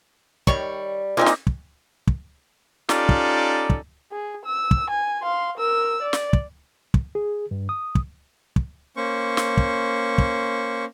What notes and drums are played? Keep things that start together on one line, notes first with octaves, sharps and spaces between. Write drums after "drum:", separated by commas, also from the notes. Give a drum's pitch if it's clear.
D#3 G3 C#5 C#6, drum: kick
G#3 A#3 C4 D#4 F4 A#4 G#5
drum: snare
drum: kick
drum: kick
C#4 D#4 F4 G4 A4 D5, drum: snare
drum: kick
drum: kick
G#4
E6
drum: kick
G#5
F5 C6
A#4 E6
D5
drum: snare
drum: kick
drum: kick
G#4
G2
D#6
drum: kick
drum: kick
A#3 C#4 C5 C#6
drum: snare
drum: kick
drum: kick